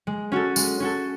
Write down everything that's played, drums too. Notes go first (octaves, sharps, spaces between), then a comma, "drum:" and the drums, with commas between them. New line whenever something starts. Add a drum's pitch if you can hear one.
G#3
C#4 F#4 A4
G#3, drum: tambourine
C#4 F#4 A4